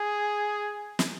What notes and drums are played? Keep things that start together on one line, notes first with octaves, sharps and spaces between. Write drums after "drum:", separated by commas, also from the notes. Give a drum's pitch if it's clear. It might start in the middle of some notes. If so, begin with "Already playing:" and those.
Already playing: G#4
drum: snare